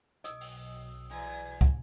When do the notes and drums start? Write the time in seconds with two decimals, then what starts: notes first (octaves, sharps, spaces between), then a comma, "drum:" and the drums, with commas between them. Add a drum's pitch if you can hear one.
0.24 B1 D#5 D#6 E6, drum: hi-hat
0.41 drum: open hi-hat
1.11 E2 G#5
1.61 drum: kick